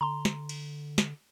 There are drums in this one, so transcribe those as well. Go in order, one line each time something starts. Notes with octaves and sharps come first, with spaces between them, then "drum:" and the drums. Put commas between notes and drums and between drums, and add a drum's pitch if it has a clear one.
D3 A#5 C6
drum: snare
drum: cymbal
drum: snare